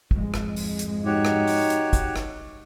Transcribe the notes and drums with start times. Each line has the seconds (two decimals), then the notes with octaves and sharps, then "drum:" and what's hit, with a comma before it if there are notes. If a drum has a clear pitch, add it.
0.11 F2 G#2 G#3, drum: kick
0.34 drum: rim click
0.56 drum: open hi-hat
0.79 drum: hi-hat
1.05 D#4 F#4 G4 C#5
1.25 drum: rim click
1.47 drum: open hi-hat
1.70 drum: hi-hat
1.93 drum: kick, hi-hat
2.16 drum: rim click